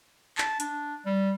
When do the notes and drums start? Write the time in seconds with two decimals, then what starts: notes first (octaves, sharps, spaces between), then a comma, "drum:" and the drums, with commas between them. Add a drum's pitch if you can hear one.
0.38 A5, drum: clap
0.60 D4, drum: hi-hat
1.06 G3